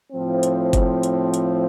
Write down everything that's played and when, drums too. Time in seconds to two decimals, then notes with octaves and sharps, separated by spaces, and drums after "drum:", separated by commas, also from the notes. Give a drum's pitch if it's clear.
0.12 A2 F3 C4
0.43 drum: hi-hat
0.73 drum: kick F#1, hi-hat
1.03 drum: hi-hat
1.34 drum: hi-hat